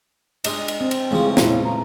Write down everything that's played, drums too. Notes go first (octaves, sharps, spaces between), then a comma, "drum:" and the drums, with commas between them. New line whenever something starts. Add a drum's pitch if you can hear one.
G#3 D4 D#4, drum: cymbal
drum: cymbal
C4
drum: cymbal
C#3 E3 F3 G#3 A3 G#4
A#2 E3 E4, drum: snare
A#5